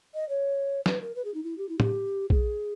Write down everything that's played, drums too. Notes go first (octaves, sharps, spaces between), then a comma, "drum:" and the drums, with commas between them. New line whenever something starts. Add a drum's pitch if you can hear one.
D#5
C#5
B4, drum: snare
A#4
B4
G#4
D#4
E4
G4
E4
G4, drum: tom
G#4, drum: kick